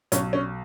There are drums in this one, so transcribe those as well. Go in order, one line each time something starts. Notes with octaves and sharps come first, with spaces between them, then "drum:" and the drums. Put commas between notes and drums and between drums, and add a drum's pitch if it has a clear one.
B1 C#4, drum: hi-hat
C#4